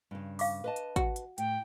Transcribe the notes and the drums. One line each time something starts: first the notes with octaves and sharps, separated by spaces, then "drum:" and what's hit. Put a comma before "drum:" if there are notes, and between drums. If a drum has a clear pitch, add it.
G2 C#3
F5 C#6 D6, drum: open hi-hat
B4 D#5 A5
drum: hi-hat
F#4, drum: kick, hi-hat
drum: hi-hat
A2 G5, drum: hi-hat